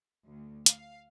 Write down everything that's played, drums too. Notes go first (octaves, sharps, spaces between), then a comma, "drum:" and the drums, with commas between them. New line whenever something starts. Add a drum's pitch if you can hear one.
D2
F5, drum: hi-hat